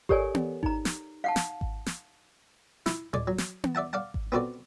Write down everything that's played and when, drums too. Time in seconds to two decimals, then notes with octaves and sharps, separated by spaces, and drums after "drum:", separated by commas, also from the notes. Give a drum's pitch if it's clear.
0.09 G4 A4 A#4 C#5 D5 G#5, drum: kick G#1
0.35 drum: tom B3
0.63 D#4 A#5, drum: kick G#1
0.85 drum: snare
1.24 F5 F#5 A5
1.36 drum: snare
1.61 drum: kick G#1
1.86 drum: snare
2.86 E4, drum: snare
3.13 G#3 D5, drum: tom A2
3.27 F#3
3.38 drum: snare
3.64 drum: tom B3
3.75 D5 E5 F#5 A5
3.93 D5 F5 F#5 A5
4.14 drum: kick G#1
4.32 B3 C4 F#4 A4 D5